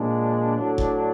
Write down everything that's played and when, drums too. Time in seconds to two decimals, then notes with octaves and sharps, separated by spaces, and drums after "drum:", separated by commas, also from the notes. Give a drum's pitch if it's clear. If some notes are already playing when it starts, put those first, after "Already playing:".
Already playing: A#2 F3 G#3 D4
0.58 A2 F#3
0.78 drum: kick F1